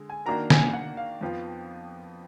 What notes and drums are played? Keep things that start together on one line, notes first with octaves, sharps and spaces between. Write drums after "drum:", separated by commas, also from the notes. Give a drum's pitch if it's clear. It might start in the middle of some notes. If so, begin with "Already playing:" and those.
Already playing: D3 G#3
G#5
D#3 A#3 D4 F#4 A#4 A#5
G#5, drum: snare
F#5
F5
F2 F3 B3 F4